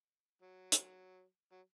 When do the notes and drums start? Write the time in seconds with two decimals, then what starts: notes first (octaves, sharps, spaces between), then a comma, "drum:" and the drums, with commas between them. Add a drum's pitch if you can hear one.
0.42 F#3
0.72 drum: hi-hat
1.52 F#3